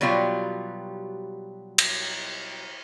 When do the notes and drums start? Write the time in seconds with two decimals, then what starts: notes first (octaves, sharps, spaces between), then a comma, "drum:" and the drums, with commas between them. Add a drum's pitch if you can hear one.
0.01 B2 F#3 G3 F4 G4
1.78 drum: cymbal